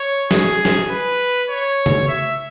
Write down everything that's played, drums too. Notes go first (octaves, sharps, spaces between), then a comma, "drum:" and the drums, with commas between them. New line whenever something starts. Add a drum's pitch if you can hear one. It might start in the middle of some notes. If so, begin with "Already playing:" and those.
Already playing: C#5
G#4, drum: snare
drum: snare
B4
C#5
drum: tom C#3
E5